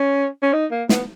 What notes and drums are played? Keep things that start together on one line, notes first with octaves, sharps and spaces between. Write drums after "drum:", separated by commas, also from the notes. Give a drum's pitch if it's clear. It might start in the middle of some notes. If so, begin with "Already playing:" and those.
Already playing: C#4
C#4
D#4
A#3
B3, drum: snare